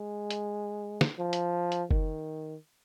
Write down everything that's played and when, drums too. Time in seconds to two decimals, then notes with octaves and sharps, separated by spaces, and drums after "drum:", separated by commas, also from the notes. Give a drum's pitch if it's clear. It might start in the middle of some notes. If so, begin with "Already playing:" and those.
Already playing: G#3
0.31 drum: hi-hat
1.01 drum: snare
1.19 F3
1.33 drum: hi-hat
1.72 drum: hi-hat
1.91 D#3, drum: kick